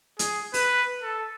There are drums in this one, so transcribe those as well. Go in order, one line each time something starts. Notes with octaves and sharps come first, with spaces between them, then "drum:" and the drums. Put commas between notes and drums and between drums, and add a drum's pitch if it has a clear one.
G#4, drum: hi-hat
B4, drum: open hi-hat
A4